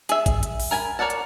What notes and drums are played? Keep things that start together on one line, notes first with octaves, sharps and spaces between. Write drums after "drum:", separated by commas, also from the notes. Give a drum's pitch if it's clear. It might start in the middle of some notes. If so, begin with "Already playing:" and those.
G#4 E5, drum: hi-hat
drum: kick, hi-hat
drum: hi-hat
drum: open hi-hat
A#4 G#5 A5 B5
A#4 C#5 D5 F#5 A5
drum: hi-hat